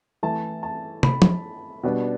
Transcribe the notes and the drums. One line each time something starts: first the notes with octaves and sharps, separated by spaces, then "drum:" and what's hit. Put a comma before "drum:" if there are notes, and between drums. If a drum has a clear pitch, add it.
E3 A3 E4 A5
A5
B5, drum: tom
drum: tom
B2 G3 B3 D4